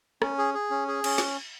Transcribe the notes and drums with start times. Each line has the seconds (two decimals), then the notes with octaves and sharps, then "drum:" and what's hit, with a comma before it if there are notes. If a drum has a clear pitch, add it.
0.22 C#4, drum: rim click
0.38 G#4
0.54 G#4
0.70 C#4
0.88 G#4
1.04 C#4, drum: cymbal
1.18 drum: snare